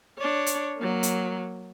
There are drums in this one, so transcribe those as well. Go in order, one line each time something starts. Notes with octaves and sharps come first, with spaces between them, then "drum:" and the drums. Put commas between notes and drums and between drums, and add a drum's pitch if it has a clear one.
D4 C#5
drum: hi-hat
F#3 A#3
drum: hi-hat